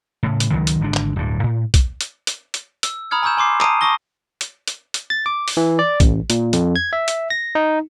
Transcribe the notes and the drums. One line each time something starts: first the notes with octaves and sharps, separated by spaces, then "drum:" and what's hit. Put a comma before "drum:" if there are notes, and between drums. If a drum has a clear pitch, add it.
A2 C#3
drum: hi-hat
C#2 D#3 F#3 G#3
drum: hi-hat
G#1 D3 G#3 D4
drum: clap
D1 G2
A2
drum: kick, hi-hat
drum: hi-hat
drum: hi-hat
drum: hi-hat
E6, drum: hi-hat
A#5 B5 D#6 F6 G#6 C#7
G#5 A#5 C#6 E6 G6 E7
G#5 C6 D6 C7
A5 A#5 D#6 C7 D7 D#7, drum: clap
A5 A#5 C#6 D#6 A#6 G7
drum: hi-hat
drum: hi-hat
drum: hi-hat
A6
D6
drum: open hi-hat
E3
D5
A1, drum: kick, hi-hat
A#2, drum: hi-hat
F2, drum: hi-hat
G#6
E5
drum: hi-hat
A#6
D#4